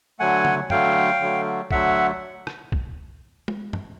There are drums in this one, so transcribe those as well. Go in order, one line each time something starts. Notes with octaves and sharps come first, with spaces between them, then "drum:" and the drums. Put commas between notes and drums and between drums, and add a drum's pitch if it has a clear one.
D3 F#3 A3 F#5 G#5
drum: tom C#3
D3 F#3 A3 F5 G5, drum: tom
D3 F#3 A3
D3 F#3 A3 E5 F#5, drum: kick
drum: rim click
drum: kick
drum: tom
drum: tom